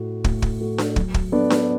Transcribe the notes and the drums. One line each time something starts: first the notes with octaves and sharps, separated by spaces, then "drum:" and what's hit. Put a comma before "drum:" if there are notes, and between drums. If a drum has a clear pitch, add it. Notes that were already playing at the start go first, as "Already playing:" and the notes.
Already playing: A2 A3 F#4
A2, drum: kick
drum: kick
A3 F#4
drum: snare D4
F#3, drum: kick
drum: kick
B3 D4 A4 D5
drum: snare D4